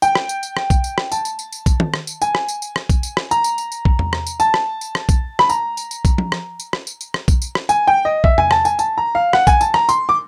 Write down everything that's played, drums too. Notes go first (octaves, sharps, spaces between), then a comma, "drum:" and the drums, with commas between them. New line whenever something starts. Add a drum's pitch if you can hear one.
G5, drum: tambourine
drum: rim click
drum: tambourine
drum: tambourine
drum: rim click
drum: kick B1, tambourine
drum: tambourine
drum: rim click
A5, drum: tambourine
drum: tambourine
drum: tambourine
drum: tambourine
drum: kick B1, tambourine
drum: tom
drum: rim click
drum: tambourine
G#5, drum: tambourine
drum: rim click
drum: tambourine
drum: tambourine
drum: rim click
drum: kick B1, tambourine
drum: tambourine
drum: rim click
A#5, drum: tambourine
drum: tambourine
drum: tambourine
drum: tambourine
drum: kick B1
drum: tom E2
drum: rim click
drum: tambourine
A5, drum: tambourine
drum: rim click
drum: tambourine
drum: rim click
drum: kick B1, tambourine
B5, drum: rim click
A#5, drum: tambourine
drum: tambourine
drum: tambourine
drum: kick B1, tambourine
drum: tom F3
drum: rim click
drum: tambourine
drum: rim click
drum: tambourine
drum: tambourine
drum: rim click
drum: kick B1, tambourine
drum: tambourine
drum: rim click
G#5, drum: tambourine
G5
D#5
E5, drum: kick B1
G#5, drum: tom E2
A5, drum: rim click
G#5, drum: tambourine
A5, drum: tambourine
A#5
F5
F#5, drum: rim click
G#5, drum: kick B1, tambourine
A5, drum: tambourine
A#5, drum: rim click
C6, drum: tambourine
D6